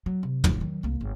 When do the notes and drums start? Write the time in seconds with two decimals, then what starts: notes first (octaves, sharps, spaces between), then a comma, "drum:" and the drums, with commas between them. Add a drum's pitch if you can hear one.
0.06 F#3
0.23 C3
0.44 D1 A1, drum: tom
0.61 D#3 F#3
0.83 C2 A#3
1.01 G1